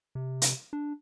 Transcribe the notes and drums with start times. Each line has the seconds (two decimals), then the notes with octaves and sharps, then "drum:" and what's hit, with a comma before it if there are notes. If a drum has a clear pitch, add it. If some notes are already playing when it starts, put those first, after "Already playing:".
0.15 C3
0.42 drum: hi-hat
0.73 D4